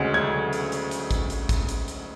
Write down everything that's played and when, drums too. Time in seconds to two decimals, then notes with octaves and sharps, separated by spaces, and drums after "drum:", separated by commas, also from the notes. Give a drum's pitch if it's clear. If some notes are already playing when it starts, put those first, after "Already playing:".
Already playing: D2 C#3 G#3 C#4
0.14 G#6
0.53 drum: hi-hat
0.72 drum: hi-hat
0.91 drum: hi-hat
1.11 drum: kick, hi-hat
1.30 drum: hi-hat
1.49 drum: kick, hi-hat
1.69 drum: hi-hat
1.88 drum: hi-hat